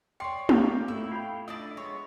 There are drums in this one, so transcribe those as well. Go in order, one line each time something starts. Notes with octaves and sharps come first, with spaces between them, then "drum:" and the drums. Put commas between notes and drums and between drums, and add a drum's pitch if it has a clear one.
C#5 D5 G5 C6 C7
A#3 G4 A#4 C#6 F7, drum: tom
A2 E4 E6 G6
F4 F5 G5 B5
D4 E4 D5 D#5 A5
G#3 B3 C#5